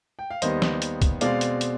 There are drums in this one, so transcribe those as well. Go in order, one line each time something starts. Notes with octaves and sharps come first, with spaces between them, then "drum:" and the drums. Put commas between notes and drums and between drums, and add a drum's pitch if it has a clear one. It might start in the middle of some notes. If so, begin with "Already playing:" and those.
G5
F5
D#2 D#3 G3 B3 C5 D#5, drum: hi-hat
drum: snare
drum: hi-hat
drum: kick, hi-hat
B2 G#3 C4 D5 F5, drum: hi-hat
drum: hi-hat
drum: hi-hat